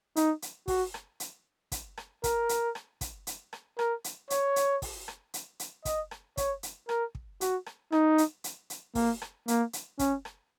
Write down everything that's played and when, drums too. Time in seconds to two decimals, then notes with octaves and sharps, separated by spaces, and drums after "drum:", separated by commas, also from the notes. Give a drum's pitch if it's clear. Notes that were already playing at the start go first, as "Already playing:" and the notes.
0.16 D#4, drum: hi-hat
0.42 drum: hi-hat
0.68 F#4, drum: kick, open hi-hat
0.94 drum: rim click
1.20 drum: hi-hat
1.72 drum: kick, hi-hat
1.97 drum: rim click
2.24 A#4, drum: kick, hi-hat
2.49 drum: hi-hat
2.75 drum: rim click
3.01 drum: kick, hi-hat
3.27 drum: hi-hat
3.53 drum: rim click
3.79 A#4, drum: rim click
4.04 drum: hi-hat
4.30 C#5, drum: hi-hat
4.56 drum: hi-hat
4.82 drum: kick, open hi-hat
5.08 drum: rim click
5.34 drum: hi-hat
5.60 drum: hi-hat
5.85 D#5, drum: kick, hi-hat
6.11 drum: rim click
6.37 C#5, drum: kick, hi-hat
6.63 drum: hi-hat
6.89 A#4, drum: rim click
7.15 drum: kick
7.41 F#4, drum: hi-hat
7.66 drum: rim click
7.92 D#4, drum: rim click
8.18 drum: hi-hat
8.44 drum: hi-hat
8.70 drum: hi-hat
8.95 A#3, drum: kick, open hi-hat
9.22 drum: rim click
9.48 A#3, drum: hi-hat
9.73 drum: hi-hat
9.99 C#4, drum: kick, hi-hat
10.25 drum: rim click